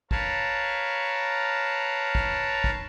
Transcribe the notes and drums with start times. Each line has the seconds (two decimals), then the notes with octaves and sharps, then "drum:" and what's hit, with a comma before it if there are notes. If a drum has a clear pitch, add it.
0.11 A#4 B4 C#5 F5 A5, drum: kick
2.15 drum: kick
2.64 drum: kick